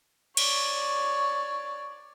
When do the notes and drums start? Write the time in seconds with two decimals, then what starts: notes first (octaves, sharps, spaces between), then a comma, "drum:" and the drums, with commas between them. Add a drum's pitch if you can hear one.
0.37 C#5 D5, drum: cymbal